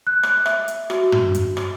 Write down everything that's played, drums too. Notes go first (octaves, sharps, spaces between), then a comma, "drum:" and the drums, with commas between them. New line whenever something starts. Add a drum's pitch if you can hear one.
F#6
drum: rim click
E5, drum: rim click
drum: hi-hat
F#4, drum: rim click
drum: tom
drum: hi-hat
drum: rim click